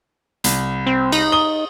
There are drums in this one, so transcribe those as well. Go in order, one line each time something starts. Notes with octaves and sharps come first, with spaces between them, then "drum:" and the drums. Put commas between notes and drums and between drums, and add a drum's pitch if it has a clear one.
C2, drum: hi-hat
C4
D#4, drum: cymbal
D#6 G7